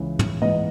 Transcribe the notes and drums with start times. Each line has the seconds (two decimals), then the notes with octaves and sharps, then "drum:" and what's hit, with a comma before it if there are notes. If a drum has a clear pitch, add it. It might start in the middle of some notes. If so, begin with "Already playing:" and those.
Already playing: C#2 C#3 E3
0.19 drum: tom
0.42 G#2 E3 D#5